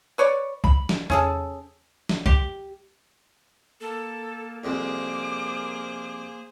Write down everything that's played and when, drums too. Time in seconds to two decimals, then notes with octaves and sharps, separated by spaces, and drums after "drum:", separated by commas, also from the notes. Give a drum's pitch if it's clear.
0.18 B4 C#5 D5
0.64 B5, drum: kick
0.89 drum: snare
1.10 C#4 G#4 A4, drum: tom E2
2.09 drum: snare
2.26 G4, drum: kick
3.81 A#3 A4
4.64 C2 F2 G#4 C5 D6